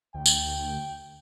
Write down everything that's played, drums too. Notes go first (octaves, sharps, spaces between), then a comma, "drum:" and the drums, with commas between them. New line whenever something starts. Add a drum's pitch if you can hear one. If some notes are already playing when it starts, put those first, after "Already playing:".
D2 G5
drum: tambourine